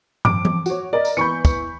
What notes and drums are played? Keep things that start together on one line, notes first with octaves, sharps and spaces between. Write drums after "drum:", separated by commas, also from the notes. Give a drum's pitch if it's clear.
F2 D6 D7, drum: tom
drum: tom
F#4 C#5, drum: tambourine
A#4 D5 D#5
drum: tambourine
E3 B3 B5 C#6 G6 C#7
drum: kick, tambourine